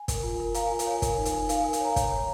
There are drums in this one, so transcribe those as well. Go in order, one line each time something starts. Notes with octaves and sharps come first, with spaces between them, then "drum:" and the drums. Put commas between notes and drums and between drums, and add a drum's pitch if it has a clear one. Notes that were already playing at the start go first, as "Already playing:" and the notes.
Already playing: G#5
A#4, drum: kick, hi-hat
F4
A#4
A#4 F5 A#5, drum: hi-hat
F4 G#5
F5, drum: hi-hat
C#5 G#5
A#4 G#5, drum: kick, hi-hat
D#4
G#5, drum: hi-hat
D#4
D#4 F5, drum: hi-hat
G#5
A#4
G#5, drum: hi-hat
C#5 F5 A#5
C#5, drum: kick, hi-hat
C#5